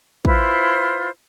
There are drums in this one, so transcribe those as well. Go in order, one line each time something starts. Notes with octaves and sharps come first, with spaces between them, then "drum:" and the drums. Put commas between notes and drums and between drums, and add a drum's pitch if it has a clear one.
E4 F4 B4 C5, drum: kick